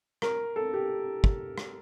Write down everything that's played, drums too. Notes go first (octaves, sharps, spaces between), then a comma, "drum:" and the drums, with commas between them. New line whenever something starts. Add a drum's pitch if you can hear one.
A#4, drum: rim click
A4
G4
drum: kick
drum: rim click